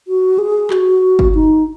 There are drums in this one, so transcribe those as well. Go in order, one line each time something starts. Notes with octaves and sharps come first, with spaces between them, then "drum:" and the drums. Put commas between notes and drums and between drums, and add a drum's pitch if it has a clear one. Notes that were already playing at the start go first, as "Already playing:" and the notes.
F#4
G#4
F#4, drum: clap
drum: kick G1
D#4